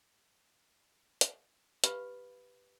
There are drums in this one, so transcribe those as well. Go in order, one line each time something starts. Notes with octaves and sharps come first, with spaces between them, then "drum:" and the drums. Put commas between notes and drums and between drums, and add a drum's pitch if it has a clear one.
drum: hi-hat
G4 B4 F5 B5, drum: hi-hat